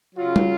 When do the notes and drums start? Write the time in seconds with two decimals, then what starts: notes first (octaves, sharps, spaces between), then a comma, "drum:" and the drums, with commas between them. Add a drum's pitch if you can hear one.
0.15 C#3 F#3 F4
0.36 drum: tom